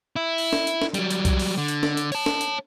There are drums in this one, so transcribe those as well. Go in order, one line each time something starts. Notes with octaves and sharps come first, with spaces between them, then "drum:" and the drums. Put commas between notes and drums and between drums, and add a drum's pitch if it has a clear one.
E4
drum: open hi-hat
drum: snare
drum: hi-hat
drum: snare
F#3 G3, drum: hi-hat
drum: hi-hat
drum: kick B1, hi-hat
drum: open hi-hat
D3
drum: hi-hat
drum: snare
drum: hi-hat
C#5 A5, drum: open hi-hat
drum: snare
drum: hi-hat